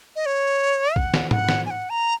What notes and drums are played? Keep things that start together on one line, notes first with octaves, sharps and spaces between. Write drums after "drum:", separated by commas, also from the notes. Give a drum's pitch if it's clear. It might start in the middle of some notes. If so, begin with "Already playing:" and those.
D#5
C#5
F#5, drum: kick
drum: snare
F#5, drum: tom G#2
drum: snare
G#5
F#5
A#5